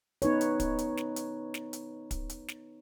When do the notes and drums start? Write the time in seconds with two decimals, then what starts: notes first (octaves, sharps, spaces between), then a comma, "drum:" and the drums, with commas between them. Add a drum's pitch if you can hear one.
0.22 B3 D#4 B4 C#5, drum: hi-hat
0.41 drum: hi-hat
0.60 drum: kick, hi-hat
0.78 drum: hi-hat
0.97 drum: snare
1.16 drum: hi-hat
1.54 drum: snare
1.73 drum: hi-hat
2.11 drum: kick, hi-hat
2.30 drum: hi-hat
2.48 drum: snare